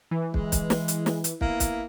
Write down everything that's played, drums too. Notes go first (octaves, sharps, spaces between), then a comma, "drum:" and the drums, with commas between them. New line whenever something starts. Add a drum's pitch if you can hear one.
E3
G#3, drum: kick
drum: kick, hi-hat
drum: snare
drum: hi-hat
drum: snare
drum: hi-hat
A#3 B3 E4, drum: kick
drum: kick, hi-hat